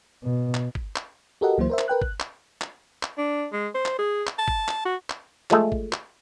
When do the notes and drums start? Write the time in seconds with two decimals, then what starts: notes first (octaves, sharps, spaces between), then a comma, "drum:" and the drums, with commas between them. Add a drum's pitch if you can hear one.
0.24 B2
0.54 drum: clap
0.75 drum: kick G1
0.96 drum: clap
1.41 F#4 G4 A4 A#4 D#5 F#5
1.58 C#2 E3 F#3 A#3 E4 C5
1.70 A#4 C5 E5
1.79 drum: clap
1.88 A#4 B4 G5 F#6
2.02 F#6, drum: kick G1
2.20 drum: clap
2.61 drum: clap
3.03 drum: clap
3.18 D4
3.52 G#3
3.75 C5
3.86 drum: clap
3.98 G#4
4.27 drum: clap
4.39 A5
4.48 drum: kick G1
4.68 drum: clap
4.85 F#4
5.10 drum: clap
5.50 F3 G#3 A3, drum: clap
5.72 drum: kick G1
5.92 drum: clap